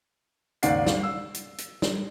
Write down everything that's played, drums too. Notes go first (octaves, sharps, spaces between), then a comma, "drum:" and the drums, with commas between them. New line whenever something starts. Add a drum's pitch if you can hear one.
D#2 G#2 C#3 D5 F#5 C7, drum: hi-hat
drum: snare
E6
drum: hi-hat
drum: hi-hat
drum: snare